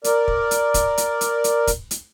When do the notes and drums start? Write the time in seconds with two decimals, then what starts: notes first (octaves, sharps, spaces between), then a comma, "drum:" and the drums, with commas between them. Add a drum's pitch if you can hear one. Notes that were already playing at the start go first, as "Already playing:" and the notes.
0.04 A#4 D5, drum: hi-hat
0.28 drum: kick
0.51 drum: hi-hat
0.74 drum: kick, hi-hat
0.98 drum: hi-hat
1.21 drum: hi-hat
1.44 drum: hi-hat
1.67 drum: kick, hi-hat
1.91 drum: hi-hat